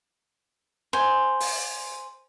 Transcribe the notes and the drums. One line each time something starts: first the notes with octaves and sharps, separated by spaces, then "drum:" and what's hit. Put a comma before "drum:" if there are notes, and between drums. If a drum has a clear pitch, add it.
C5 G#5, drum: rim click
drum: open hi-hat